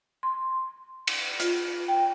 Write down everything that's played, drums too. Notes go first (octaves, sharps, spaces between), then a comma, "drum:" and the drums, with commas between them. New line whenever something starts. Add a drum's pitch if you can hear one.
C6
drum: cymbal
F4, drum: hi-hat
G5